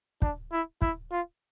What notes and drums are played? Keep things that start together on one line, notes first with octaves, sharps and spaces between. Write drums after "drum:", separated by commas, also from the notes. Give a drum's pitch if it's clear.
D4, drum: kick
E4
E4, drum: kick
F4